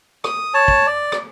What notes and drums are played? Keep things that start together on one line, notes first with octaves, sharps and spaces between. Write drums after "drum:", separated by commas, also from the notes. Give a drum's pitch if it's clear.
D#6, drum: rim click
C#5 A5
drum: kick
D5
drum: rim click